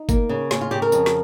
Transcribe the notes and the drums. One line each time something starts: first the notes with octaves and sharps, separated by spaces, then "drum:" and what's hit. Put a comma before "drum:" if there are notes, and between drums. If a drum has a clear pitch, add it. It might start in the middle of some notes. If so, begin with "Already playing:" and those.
Already playing: D#4
A#3, drum: kick G1, tambourine
C#3
C#4 F4, drum: snare
F4
C#3 G4
A#4
F2, drum: tambourine
drum: snare